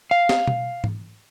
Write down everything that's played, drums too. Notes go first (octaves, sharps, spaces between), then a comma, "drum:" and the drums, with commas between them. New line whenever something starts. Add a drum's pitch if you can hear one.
F5
drum: snare
drum: tom B2
drum: tom G#2